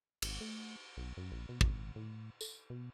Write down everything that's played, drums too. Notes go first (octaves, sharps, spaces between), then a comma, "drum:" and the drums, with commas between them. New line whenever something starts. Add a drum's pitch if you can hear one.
G#1, drum: cymbal
A3
B1
F#2
A#1
B2
G#1, drum: kick
A2
A4, drum: tambourine
B2